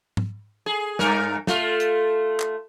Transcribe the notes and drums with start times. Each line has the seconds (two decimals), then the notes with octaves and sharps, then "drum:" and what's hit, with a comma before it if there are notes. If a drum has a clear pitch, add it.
0.17 drum: tom G#2
0.66 G#4
0.99 G2 A#4, drum: snare
1.47 A3 F4, drum: snare
1.80 drum: hi-hat
2.40 drum: clap